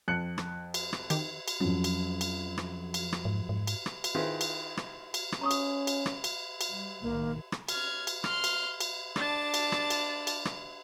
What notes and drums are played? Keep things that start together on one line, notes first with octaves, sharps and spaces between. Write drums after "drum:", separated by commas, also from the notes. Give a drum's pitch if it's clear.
F2 F#6 C#7
drum: rim click
drum: cymbal
drum: rim click
D#3 G4, drum: cymbal
drum: cymbal
F2 F#3 C#4
drum: cymbal
drum: cymbal
drum: rim click
drum: cymbal
drum: rim click
G#2
G#2
drum: cymbal
drum: rim click
drum: cymbal
D#3 E4 F4 G#4 B4 C5
drum: cymbal
drum: rim click
drum: cymbal
drum: rim click
C#4 A#5 C#6 D#6
drum: cymbal
drum: cymbal
drum: rim click
drum: cymbal
drum: cymbal
G3
B1 A2 D#3 A#3
drum: rim click
F6 G#6, drum: cymbal
drum: cymbal
C6 F6, drum: rim click
drum: cymbal
drum: cymbal
D4 A5, drum: rim click
drum: cymbal
drum: rim click
drum: cymbal
drum: cymbal
drum: rim click